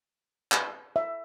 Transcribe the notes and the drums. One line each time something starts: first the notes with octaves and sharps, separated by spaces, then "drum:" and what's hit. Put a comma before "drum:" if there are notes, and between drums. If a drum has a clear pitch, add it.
drum: clap
E5